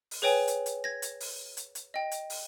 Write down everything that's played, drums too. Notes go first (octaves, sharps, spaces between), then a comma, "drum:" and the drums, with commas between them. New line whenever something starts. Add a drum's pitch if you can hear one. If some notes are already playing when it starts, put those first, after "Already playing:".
drum: open hi-hat
G#4 B4 C#5 G5 G#5
drum: hi-hat
drum: hi-hat
G#6 A#6
drum: hi-hat
drum: open hi-hat
drum: hi-hat
drum: hi-hat
D#5 G5
drum: hi-hat
drum: open hi-hat